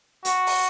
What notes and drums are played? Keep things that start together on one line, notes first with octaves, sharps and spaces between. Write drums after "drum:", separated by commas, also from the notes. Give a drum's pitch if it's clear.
F#4, drum: hi-hat
drum: open hi-hat